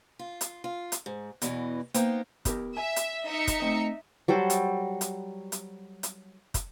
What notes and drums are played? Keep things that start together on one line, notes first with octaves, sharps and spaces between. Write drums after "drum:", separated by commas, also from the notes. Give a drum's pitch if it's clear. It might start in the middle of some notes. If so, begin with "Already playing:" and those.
F4
drum: hi-hat
F4
drum: hi-hat
G#2
E2 B2 E3, drum: hi-hat
A#3 B3 D#4 C5 G5, drum: hi-hat
B3 G4 A#4, drum: kick, hi-hat
E5 G#5
drum: hi-hat
D#4 E5 C#7
drum: kick, hi-hat
A3 C4 D#5
F#3 G3 A4 C5
drum: hi-hat
drum: hi-hat
drum: hi-hat
drum: hi-hat
drum: kick, hi-hat